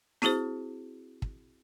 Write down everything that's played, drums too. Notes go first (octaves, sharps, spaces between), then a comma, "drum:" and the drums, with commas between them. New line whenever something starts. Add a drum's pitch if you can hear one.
C4 E4 F#4 G#4 C5, drum: snare
drum: kick